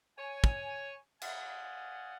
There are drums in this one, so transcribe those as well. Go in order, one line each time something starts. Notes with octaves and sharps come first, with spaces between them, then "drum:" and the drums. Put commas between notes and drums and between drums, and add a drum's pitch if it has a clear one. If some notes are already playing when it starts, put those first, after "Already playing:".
C#5 G#5
drum: kick
D5 D#5 F5 F#5 G#5, drum: cymbal